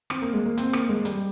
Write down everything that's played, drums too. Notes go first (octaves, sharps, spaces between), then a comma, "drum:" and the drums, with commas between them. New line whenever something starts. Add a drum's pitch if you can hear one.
C4, drum: rim click
A#3
G#3
A#3
C4, drum: hi-hat
A#3, drum: rim click
G#3
G3, drum: hi-hat